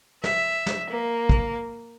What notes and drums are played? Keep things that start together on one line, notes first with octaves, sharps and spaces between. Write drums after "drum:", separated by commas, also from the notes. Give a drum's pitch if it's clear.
E5, drum: snare
drum: snare
A#3
drum: kick